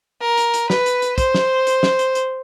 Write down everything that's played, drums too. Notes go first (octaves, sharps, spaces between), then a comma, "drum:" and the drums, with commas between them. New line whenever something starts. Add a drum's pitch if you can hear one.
A#4
drum: hi-hat
drum: hi-hat
B4, drum: snare
drum: hi-hat
drum: hi-hat
C5, drum: kick, hi-hat
drum: snare
drum: hi-hat
drum: snare
drum: hi-hat
drum: hi-hat